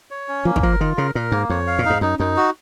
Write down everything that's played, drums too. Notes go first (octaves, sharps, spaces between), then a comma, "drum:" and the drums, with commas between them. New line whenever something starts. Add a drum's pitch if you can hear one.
C#5
C#4
F3 A#3
D#3, drum: kick
F3 A#4
D#3 F4
C#3 A#4
A#2 A#4
G#2 A#3
F2 C#5
F5
A#2
G#2 D#4
F#2 D#4
F#2 D#4
F#4